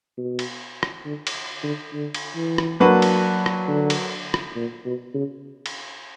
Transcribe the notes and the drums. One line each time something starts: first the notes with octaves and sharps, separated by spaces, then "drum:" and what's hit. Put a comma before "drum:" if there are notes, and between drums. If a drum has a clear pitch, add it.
B2
drum: cymbal
drum: rim click
D3
drum: cymbal
D3
D3
drum: cymbal
E3
drum: rim click
F#3 A#3 D4 F#4 B4
drum: cymbal
drum: rim click
D3
drum: cymbal
drum: rim click
A#2
B2
C#3
drum: cymbal